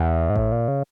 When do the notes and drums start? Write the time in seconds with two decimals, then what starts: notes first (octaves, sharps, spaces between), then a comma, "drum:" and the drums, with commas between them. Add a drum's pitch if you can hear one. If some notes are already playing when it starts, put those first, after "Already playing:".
Already playing: E2
0.30 G#2
0.36 A2, drum: kick A1
0.52 A#2
0.68 C#3